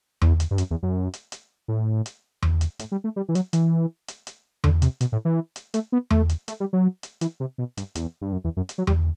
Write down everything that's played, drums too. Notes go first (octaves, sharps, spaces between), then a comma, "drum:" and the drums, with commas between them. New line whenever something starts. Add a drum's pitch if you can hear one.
E2, drum: tom E2
drum: hi-hat
G2
F#2, drum: hi-hat
E2
F#2
drum: hi-hat
drum: hi-hat
A2
drum: hi-hat
drum: tom E2
drum: hi-hat
A2, drum: hi-hat
G3
A3
G3
E3
F#3, drum: hi-hat
E3, drum: hi-hat
drum: hi-hat
drum: hi-hat
D3, drum: tom E2
C3, drum: hi-hat
B2, drum: hi-hat
A2
E3
drum: hi-hat
A3, drum: hi-hat
B3
A3, drum: tom E2
drum: hi-hat
A3, drum: hi-hat
G3
F#3
drum: hi-hat
E3, drum: hi-hat
C3
B2
G2, drum: hi-hat
E2, drum: hi-hat
G2
F#2
E2
F#2
drum: hi-hat
F#3
G3, drum: tom E2